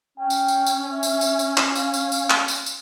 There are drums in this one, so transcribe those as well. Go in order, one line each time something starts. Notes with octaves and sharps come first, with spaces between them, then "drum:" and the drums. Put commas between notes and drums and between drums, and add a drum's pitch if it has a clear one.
C#4 G5
drum: tambourine
drum: tambourine
drum: tambourine
E5
drum: tambourine
drum: tambourine
drum: tambourine
drum: clap
F5, drum: tambourine
drum: tambourine
drum: tambourine
drum: clap
drum: tambourine
drum: tambourine